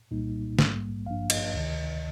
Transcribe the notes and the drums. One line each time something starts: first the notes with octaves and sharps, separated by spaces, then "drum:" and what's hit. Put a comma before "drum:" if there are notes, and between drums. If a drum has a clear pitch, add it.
C2 A#2 G3 A#3 D#4
A#1 G#2 G3 A#3, drum: snare
G#1 G2 F3 A#3 D4 F5
D#5, drum: cymbal
D2 C3 D#3